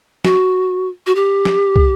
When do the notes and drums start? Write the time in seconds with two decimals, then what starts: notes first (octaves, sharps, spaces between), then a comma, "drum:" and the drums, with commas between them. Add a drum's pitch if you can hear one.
0.25 F#4, drum: snare
1.07 F#4
1.15 G4
1.45 drum: snare
1.76 drum: kick